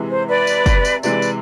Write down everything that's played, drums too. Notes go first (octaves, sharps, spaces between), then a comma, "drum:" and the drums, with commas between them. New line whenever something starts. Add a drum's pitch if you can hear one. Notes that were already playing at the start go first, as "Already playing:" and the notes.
Already playing: C3 E3 G#3
C5
B4 D5
drum: tambourine
drum: kick, tambourine
drum: tambourine
C3 E3 G#3 B4 D5, drum: tambourine
drum: tambourine